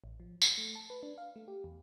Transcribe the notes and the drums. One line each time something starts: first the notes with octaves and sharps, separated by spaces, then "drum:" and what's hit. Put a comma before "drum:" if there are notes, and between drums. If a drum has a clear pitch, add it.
A1
F3
G#6, drum: tambourine
A3
A5
B4
D4
F5
A3
G4
E2